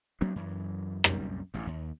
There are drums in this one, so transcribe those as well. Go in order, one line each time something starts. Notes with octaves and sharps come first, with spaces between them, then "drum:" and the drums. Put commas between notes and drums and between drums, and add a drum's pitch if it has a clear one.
F#3 A#3 C4 D4
F#2 E3
C2 F#2 A#2 G3, drum: rim click
A1 G2
D#2